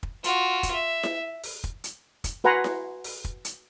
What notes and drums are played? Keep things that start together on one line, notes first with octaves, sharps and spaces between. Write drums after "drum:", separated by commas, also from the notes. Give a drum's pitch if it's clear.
drum: kick
F4 F#4, drum: hi-hat
drum: kick, hi-hat
E5
drum: snare E4
drum: open hi-hat
drum: kick
drum: hi-hat
drum: kick, hi-hat
F#4 B4 F#5 G#5 A#5 C6
drum: snare E4
drum: open hi-hat
drum: kick
drum: hi-hat